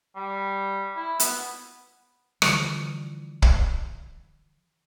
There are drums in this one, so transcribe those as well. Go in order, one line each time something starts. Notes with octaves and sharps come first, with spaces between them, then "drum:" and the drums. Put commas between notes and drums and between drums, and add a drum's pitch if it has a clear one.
G3
E4
B3, drum: hi-hat
D3 E3 F3 G3, drum: rim click
drum: kick